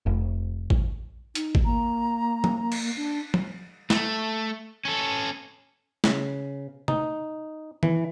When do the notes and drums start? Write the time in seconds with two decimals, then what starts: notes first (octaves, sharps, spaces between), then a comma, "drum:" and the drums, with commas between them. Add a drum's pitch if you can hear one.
0.06 F1
0.70 drum: kick A1
1.35 D#4, drum: hi-hat
1.55 drum: kick A1
1.65 A#3 A#5
2.44 drum: tom
2.72 drum: cymbal
2.96 D4
3.34 drum: tom
3.90 A3, drum: snare
4.85 C#4 A4
6.04 C#3, drum: snare
6.88 D#4, drum: tom C3
7.83 E3, drum: tom D#3